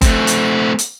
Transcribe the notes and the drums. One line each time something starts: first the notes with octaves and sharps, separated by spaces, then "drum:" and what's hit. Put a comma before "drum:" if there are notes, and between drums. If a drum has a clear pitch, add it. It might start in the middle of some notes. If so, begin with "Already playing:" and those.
A3 C4, drum: kick F#1, hi-hat
drum: hi-hat
drum: hi-hat